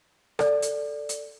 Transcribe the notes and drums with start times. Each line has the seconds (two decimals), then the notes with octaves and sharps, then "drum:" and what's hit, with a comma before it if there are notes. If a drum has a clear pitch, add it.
0.39 A4 D5, drum: rim click
0.62 drum: hi-hat
1.09 drum: hi-hat